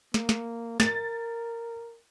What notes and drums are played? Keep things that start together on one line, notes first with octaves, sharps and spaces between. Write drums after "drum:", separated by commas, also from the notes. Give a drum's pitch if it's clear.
A#3, drum: snare
drum: snare
A#4 A6, drum: snare